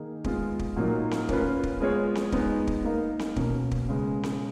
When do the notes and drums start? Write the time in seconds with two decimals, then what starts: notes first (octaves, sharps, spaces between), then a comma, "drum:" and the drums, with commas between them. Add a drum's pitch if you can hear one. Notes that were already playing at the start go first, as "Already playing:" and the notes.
Already playing: D#3 A#3 D#4 G#4
0.24 G#3 B3 F4, drum: kick
0.59 drum: kick
0.77 A#2 F#3 A#3 D#4
1.11 drum: snare C4
1.29 A#3 C#4 F4 B4, drum: kick
1.63 drum: kick
1.80 G#3 B3 F4 G#4 C#5
2.15 drum: snare C4
2.32 G#3 B3 D#4, drum: kick
2.67 drum: kick
2.85 A#3 D#4 A#4 F5
3.19 drum: snare C4
3.36 B2 A#3 C#4, drum: kick
3.71 drum: kick
3.89 C#3 G#3 B3
4.23 drum: snare C4